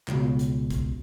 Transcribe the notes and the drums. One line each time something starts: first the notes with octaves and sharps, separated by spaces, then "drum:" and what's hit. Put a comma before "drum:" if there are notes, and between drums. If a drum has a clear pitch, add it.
C#2 B2, drum: clap
drum: hi-hat
drum: kick A#1, hi-hat